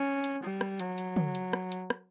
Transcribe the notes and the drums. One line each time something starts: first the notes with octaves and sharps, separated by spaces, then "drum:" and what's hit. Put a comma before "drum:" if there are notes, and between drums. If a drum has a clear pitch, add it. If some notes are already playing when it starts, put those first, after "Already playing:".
Already playing: C#4
drum: hi-hat
G3
drum: rim click
F#3, drum: hi-hat
drum: hi-hat
drum: tom
drum: hi-hat
drum: rim click
drum: hi-hat
drum: rim click